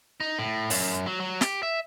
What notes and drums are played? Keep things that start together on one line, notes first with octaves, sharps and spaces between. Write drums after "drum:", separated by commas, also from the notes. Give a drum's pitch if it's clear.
D#4
A2
F#2, drum: open hi-hat
F#3
F#3
G4, drum: snare
E5